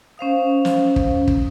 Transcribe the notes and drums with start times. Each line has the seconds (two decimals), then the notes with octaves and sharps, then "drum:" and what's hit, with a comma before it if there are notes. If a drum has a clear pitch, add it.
0.18 C#4 C5 F5 D#6
0.65 drum: snare
0.96 drum: kick
1.28 drum: kick